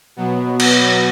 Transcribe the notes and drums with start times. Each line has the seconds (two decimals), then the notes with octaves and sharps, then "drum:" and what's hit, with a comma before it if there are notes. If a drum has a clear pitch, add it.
0.16 B2 F#3 B3
0.60 drum: cymbal